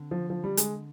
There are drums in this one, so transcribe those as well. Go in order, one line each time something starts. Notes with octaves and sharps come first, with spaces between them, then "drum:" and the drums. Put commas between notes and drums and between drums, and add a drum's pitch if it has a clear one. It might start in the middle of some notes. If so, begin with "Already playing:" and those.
Already playing: D3 C4
F3
F3
G3
G#3, drum: hi-hat